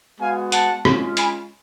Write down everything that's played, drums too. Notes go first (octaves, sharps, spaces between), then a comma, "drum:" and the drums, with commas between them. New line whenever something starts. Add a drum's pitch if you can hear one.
G#3 B3 F#4 F5 G#5
F#5 A5, drum: hi-hat
G#3 C#4 F4, drum: rim click
G#5 B5, drum: hi-hat